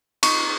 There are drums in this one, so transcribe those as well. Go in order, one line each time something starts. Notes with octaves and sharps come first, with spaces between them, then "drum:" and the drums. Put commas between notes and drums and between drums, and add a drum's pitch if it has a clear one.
D#4 C#6, drum: cymbal